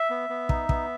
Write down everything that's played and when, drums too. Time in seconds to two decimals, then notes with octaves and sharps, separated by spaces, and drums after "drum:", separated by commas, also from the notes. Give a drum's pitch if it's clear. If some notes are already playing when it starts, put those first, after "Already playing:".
Already playing: E5
0.10 B3
0.29 B3
0.49 D#4, drum: kick
0.69 B3, drum: kick